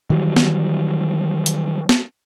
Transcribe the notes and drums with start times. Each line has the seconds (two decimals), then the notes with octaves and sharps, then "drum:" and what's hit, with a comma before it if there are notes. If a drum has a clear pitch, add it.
0.10 D#3 E3 F#3 G3
0.36 drum: snare
1.46 drum: hi-hat
1.89 drum: snare